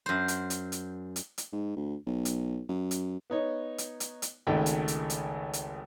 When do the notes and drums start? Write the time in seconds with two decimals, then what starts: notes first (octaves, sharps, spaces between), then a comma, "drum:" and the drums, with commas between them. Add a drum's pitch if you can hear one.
0.06 F#2 C5
0.28 drum: hi-hat
0.50 drum: hi-hat
0.72 drum: hi-hat
1.16 drum: hi-hat
1.38 drum: hi-hat
1.53 G#2
1.76 D2
2.07 B1
2.25 drum: hi-hat
2.69 F#2
2.91 drum: hi-hat
3.30 B3 D#4 C#5
3.78 drum: hi-hat
4.00 drum: hi-hat
4.22 drum: hi-hat
4.47 G#1 C#2 D#3 G#3 A3 G5
4.66 drum: hi-hat
4.88 drum: hi-hat
5.10 drum: hi-hat
5.53 drum: hi-hat